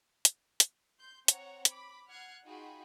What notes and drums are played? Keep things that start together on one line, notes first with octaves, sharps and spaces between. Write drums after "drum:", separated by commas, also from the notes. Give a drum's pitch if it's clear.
drum: hi-hat
drum: hi-hat
C6 G6
C4 C#5 F#5 A#5, drum: hi-hat
B5 D6, drum: hi-hat
F#5 F6 F#6 G#6 C7
D#4 F4 F#4 G#4 G5 B5